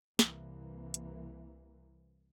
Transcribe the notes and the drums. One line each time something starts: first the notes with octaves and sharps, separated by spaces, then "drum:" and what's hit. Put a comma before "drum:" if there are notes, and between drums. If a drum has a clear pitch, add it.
C2 C3 E3 A#3, drum: snare
drum: hi-hat